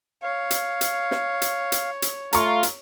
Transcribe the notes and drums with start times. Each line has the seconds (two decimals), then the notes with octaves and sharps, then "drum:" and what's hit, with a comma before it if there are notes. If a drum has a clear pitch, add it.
0.23 C#5 F5
0.51 drum: hi-hat
0.81 drum: hi-hat
1.11 drum: snare
1.42 drum: hi-hat
1.72 drum: hi-hat
2.02 drum: hi-hat
2.33 A3 F4 A#5 C#6, drum: hi-hat
2.63 drum: hi-hat